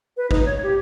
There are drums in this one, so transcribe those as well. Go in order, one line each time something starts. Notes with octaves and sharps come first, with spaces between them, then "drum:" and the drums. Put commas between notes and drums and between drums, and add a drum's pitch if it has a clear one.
B4
D#4, drum: kick G#1
C#5
G4